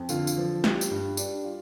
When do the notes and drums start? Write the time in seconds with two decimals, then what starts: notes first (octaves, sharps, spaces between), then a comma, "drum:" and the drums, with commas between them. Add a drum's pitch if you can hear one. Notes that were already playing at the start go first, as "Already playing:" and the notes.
Already playing: F2
0.09 D3 F4, drum: tambourine
0.27 drum: tambourine
0.37 F3
0.64 G3, drum: snare
0.81 drum: tambourine
0.91 G2
1.17 G3 D4, drum: tambourine
1.44 F4